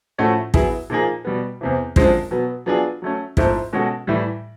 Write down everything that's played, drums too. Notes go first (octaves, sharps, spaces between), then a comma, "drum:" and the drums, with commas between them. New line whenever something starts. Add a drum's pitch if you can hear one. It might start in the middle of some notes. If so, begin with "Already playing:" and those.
A2 F3 A3 C#4 F#4
F#3 B3 E4 G#4, drum: kick
A#2 F3 A#3 D#4 G#4
B2 G3 B3
E2 C3 E3
F#2 D3 F3 G#3 C4, drum: kick
B2 F#3 B3
F#3 B3 D4 F4 G#4
F#3 A3 C#4
G#2 F3 A3 C4 E4, drum: kick
B2 G#3 C#4 F#4 A4
A2 E3 G3